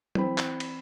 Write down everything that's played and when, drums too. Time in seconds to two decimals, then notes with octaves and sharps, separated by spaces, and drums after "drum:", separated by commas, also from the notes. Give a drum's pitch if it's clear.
0.15 E3 C4 B5, drum: tom
0.38 drum: clap
0.60 drum: cymbal